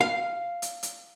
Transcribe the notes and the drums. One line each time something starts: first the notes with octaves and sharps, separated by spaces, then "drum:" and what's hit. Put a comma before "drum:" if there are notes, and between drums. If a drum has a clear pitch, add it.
F5
drum: hi-hat
drum: hi-hat